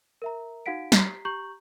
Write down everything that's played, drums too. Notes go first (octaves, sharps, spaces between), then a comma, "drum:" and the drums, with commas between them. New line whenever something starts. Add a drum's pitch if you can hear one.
A#4 E5 A#5
D#4 F#4 F5 F#5 B6 D7
G4 A#5 B6 C7, drum: snare
G4 A#5 C#6 G6 F#7